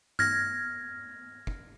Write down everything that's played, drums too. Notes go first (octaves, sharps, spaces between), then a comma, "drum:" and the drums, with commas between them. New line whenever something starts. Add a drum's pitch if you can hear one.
F6 G#6 A#6, drum: tom
drum: kick